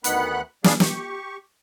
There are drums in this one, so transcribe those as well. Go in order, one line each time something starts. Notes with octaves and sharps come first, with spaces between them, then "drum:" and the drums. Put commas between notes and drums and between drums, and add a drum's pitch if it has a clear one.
D2 D#3 B3 F#5 B5 F#6, drum: hi-hat
G3 D4 G#4 D5 F5, drum: snare
G4 C#6, drum: snare